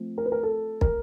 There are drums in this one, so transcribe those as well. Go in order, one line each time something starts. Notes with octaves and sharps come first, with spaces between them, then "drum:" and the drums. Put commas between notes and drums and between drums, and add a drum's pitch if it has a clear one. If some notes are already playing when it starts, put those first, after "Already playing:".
Already playing: F3 A3 C4
A#4
B4
A#4
A4
A#4, drum: kick